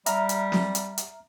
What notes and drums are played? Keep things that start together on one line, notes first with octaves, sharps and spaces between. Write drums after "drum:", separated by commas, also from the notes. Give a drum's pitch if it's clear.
G3 E5 A#5 F6, drum: hi-hat
drum: hi-hat
drum: snare
drum: hi-hat
drum: hi-hat